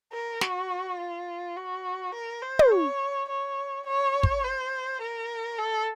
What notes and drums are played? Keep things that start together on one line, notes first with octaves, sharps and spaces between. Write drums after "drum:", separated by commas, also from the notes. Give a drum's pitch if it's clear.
A#4
F#4, drum: snare
F4
F#4
A#4
C5
drum: tom
C#5
C#5
C#5
drum: kick
C5
A#4
A4